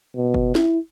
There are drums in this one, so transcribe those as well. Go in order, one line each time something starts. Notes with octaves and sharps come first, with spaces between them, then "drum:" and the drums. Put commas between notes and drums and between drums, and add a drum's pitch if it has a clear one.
B2
drum: kick F#1
E4, drum: snare